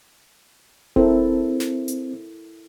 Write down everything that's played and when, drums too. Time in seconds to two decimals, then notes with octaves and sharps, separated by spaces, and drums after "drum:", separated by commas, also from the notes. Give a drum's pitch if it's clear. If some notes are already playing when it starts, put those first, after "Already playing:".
0.96 C4 E4 A4 A#4, drum: kick D#1
1.60 drum: snare
1.88 drum: hi-hat